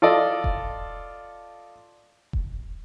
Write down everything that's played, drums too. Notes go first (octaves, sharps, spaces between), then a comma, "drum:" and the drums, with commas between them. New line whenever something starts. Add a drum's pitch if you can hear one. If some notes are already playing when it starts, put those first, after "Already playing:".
F4 A4 D5 D#5
drum: kick E1
drum: kick E1